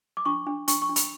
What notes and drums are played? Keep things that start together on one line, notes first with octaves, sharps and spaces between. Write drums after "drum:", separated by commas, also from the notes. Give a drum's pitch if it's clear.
D6
D4 C#6
D4
D4 C#6, drum: hi-hat
C#6
D4
B5, drum: hi-hat